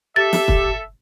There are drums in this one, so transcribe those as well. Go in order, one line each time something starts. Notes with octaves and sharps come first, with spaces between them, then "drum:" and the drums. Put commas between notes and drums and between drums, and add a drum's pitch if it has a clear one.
G4 A4 E5 A6
drum: snare
drum: kick